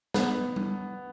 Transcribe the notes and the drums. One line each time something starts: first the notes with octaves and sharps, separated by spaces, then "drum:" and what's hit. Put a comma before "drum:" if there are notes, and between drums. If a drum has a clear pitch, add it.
B3, drum: snare
drum: tom G3